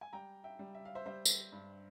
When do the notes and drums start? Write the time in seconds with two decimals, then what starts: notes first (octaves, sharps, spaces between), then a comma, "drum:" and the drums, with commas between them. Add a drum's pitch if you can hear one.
0.01 G#5
0.13 G3 G5 A#5
0.44 E5 G5
0.59 G3
0.74 E5
0.85 F5
0.95 C5 E5
1.06 G3 C5 E5
1.25 drum: tambourine
1.52 G2